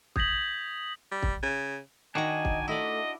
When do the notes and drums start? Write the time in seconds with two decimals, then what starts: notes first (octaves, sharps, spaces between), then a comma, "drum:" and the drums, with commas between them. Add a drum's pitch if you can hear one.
0.16 D#6 G6 G#6 A#6 B6 F#7, drum: kick
1.11 G3
1.23 drum: kick
1.43 C#3
2.15 D#3 D4 F#4 D#5 G#5 A#5
2.45 drum: kick
2.68 A3 E4 D5 D#5